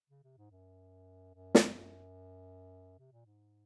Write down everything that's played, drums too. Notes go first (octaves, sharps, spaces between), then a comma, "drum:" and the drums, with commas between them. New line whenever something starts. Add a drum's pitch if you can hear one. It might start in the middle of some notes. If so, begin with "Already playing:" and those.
C#3
C3
G#2
F#2
F#2
drum: snare
F#2
C3
A#2
G#2